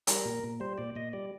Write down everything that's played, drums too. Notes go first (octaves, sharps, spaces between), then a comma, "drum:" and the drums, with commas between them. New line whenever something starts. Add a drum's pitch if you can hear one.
G3 A#4, drum: hi-hat
A#2
A#2
G3 C5
A#2 D5
A#2 D#5
G3 D5